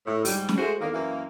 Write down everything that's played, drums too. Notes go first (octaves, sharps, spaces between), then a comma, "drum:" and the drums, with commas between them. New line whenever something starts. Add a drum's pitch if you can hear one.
A2
G#2 G3, drum: open hi-hat
drum: snare
G#3 A3 F#4 G#4 C5
E2 D3 D#3 A#3
F#2 E3 A#3